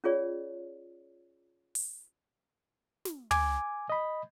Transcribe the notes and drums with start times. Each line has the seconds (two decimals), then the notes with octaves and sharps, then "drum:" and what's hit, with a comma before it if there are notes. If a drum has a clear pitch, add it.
0.04 C#4 F4 G#4 C#5 D5
1.75 drum: open hi-hat
3.05 drum: snare
3.31 G#5 D6, drum: tom
3.90 D#5 B5